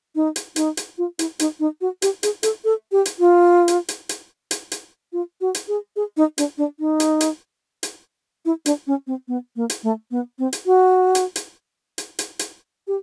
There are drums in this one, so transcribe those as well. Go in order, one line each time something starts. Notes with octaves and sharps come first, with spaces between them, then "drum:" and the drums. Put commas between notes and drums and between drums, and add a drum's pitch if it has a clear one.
D#4
drum: hi-hat
D#4, drum: hi-hat
drum: hi-hat
F4
E4, drum: hi-hat
D#4, drum: hi-hat
D#4
F#4
G4, drum: hi-hat
G#4, drum: hi-hat
A4, drum: hi-hat
A4
G4
drum: hi-hat
F4
drum: hi-hat
drum: hi-hat
drum: hi-hat
drum: hi-hat
drum: hi-hat
F4
F#4
drum: hi-hat
G#4
G#4
D#4
D4, drum: hi-hat
D4
D#4
drum: hi-hat
drum: hi-hat
drum: hi-hat
E4
D4, drum: hi-hat
C#4
C4
B3
A#3
drum: hi-hat
A3
B3
C4
drum: hi-hat
F#4
drum: hi-hat
drum: hi-hat
drum: hi-hat
drum: hi-hat
drum: hi-hat
G4